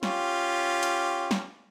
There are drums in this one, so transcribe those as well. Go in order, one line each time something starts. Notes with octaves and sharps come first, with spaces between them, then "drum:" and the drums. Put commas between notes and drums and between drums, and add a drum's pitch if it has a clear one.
C#4 F4 G4, drum: snare
drum: hi-hat
drum: snare